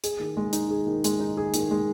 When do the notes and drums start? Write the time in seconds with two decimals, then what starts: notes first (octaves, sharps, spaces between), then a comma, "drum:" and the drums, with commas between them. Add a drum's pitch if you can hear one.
0.04 G#4, drum: hi-hat
0.20 D#3
0.37 G#3
0.53 D#4, drum: hi-hat
0.71 G#4
0.87 D#3
1.04 G#3, drum: hi-hat
1.20 D#4
1.37 G#4
1.54 D#3, drum: hi-hat
1.71 G#3